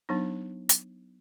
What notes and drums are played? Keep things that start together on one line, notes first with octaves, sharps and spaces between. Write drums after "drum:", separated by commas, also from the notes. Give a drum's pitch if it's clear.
F#3 B3 D4 D#4
drum: hi-hat